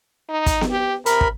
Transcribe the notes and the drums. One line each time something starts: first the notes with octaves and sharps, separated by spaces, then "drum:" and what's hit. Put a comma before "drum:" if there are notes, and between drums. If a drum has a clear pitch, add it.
D#4
drum: kick, hi-hat
drum: snare B3
G4
C3 A#4 B5, drum: hi-hat
drum: kick